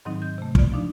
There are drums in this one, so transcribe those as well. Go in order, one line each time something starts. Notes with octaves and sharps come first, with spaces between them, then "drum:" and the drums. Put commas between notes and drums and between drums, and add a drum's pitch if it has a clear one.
G#2 D#3 F#3 C4 D#4
G6
C3 A3
F4 D5, drum: kick
F3 D4 D#4